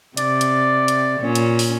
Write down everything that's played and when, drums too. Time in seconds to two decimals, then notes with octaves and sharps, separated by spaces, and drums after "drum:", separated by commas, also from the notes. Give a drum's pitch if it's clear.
0.17 C3 D5, drum: hi-hat
0.41 drum: hi-hat
0.88 drum: hi-hat
1.20 A#2 C#4
1.35 drum: hi-hat
1.59 drum: open hi-hat